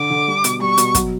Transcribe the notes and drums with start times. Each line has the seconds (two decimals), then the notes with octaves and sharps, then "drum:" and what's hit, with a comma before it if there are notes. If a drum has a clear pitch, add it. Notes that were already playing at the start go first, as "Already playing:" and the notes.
Already playing: D3 D6
0.10 D3
0.27 G3
0.44 B2, drum: hi-hat
0.61 G3 C#6
0.78 B2, drum: hi-hat
0.95 F#3, drum: kick, hi-hat